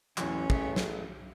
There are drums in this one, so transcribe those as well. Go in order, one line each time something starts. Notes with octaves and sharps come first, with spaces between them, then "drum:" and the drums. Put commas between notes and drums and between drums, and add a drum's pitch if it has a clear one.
A1 E2 E3 F#3 C#4, drum: clap
G#4 A4 E5, drum: kick
drum: snare